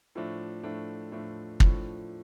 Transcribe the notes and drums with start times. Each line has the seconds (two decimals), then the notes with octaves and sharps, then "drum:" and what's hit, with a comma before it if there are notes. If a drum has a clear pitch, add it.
0.15 A2 F3 A3 D4
0.63 A2 F3 A3 D4
1.12 A2 F3 A3 D4
1.60 A2 F3 A3 D4, drum: kick